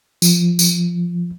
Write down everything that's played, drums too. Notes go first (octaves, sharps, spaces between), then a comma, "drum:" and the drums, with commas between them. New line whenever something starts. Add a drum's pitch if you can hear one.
F3, drum: tambourine
drum: tambourine